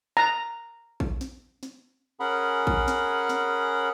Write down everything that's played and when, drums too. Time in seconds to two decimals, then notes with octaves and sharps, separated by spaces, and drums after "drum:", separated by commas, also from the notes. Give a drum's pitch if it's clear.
0.17 A#5
1.00 drum: kick A#1
1.21 drum: snare
1.63 drum: snare
2.20 C#4 G#4 A#4 F#5 B5
2.67 drum: kick A#1
2.88 drum: snare
3.29 drum: snare